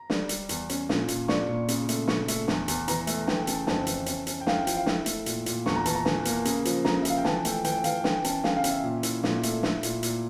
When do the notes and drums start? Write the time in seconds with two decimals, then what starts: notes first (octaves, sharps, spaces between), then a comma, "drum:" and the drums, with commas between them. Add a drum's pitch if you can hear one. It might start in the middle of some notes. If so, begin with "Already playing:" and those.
Already playing: A#5
0.10 G3, drum: snare
0.29 G3, drum: hi-hat
0.49 E2, drum: hi-hat
0.69 C#4, drum: hi-hat
0.89 A#2, drum: snare
1.08 A#2, drum: hi-hat
1.28 D4 C#6, drum: snare
1.49 A#2
1.68 C#3, drum: hi-hat
1.89 A3, drum: hi-hat
2.08 C#3 C#6, drum: snare
2.28 A3, drum: hi-hat
2.48 E2, drum: snare
2.68 E2, drum: hi-hat
2.88 E3 A#5, drum: hi-hat
3.07 A3, drum: hi-hat
3.27 E3 G5, drum: snare
3.47 C#3 A5, drum: hi-hat
3.67 F2 A5, drum: snare
3.87 E3, drum: hi-hat
4.06 C#4, drum: hi-hat
4.27 C#4, drum: hi-hat
4.41 G5
4.47 E4 F5, drum: snare
4.57 G5
4.67 F3 G5, drum: hi-hat
4.77 F5
4.86 E4, drum: snare
5.06 A3, drum: hi-hat
5.26 A#2, drum: hi-hat
5.46 A#2, drum: hi-hat
5.66 E2 C#6, drum: snare
5.76 A#5
5.85 E3 A5, drum: hi-hat
5.95 A#5
6.05 E3, drum: snare
6.25 A#3, drum: hi-hat
6.45 C#3, drum: hi-hat
6.65 F3, drum: hi-hat
6.85 C#3 A#5, drum: snare
7.02 E5
7.05 F3, drum: hi-hat
7.10 F5
7.17 G5
7.24 E3 A5, drum: snare
7.45 A3 G5, drum: hi-hat
7.64 E3 G5, drum: hi-hat
7.84 E3 F5, drum: hi-hat
8.04 E3 G5, drum: snare
8.24 C#4 A5, drum: hi-hat
8.44 C#3 F5, drum: snare
8.57 F5
8.64 C#4, drum: hi-hat
8.70 E5
8.83 A#2
9.03 E4, drum: hi-hat
9.24 A#2, drum: snare
9.43 A3, drum: hi-hat
9.63 E4, drum: snare
9.83 A#2, drum: hi-hat
10.03 A#2, drum: hi-hat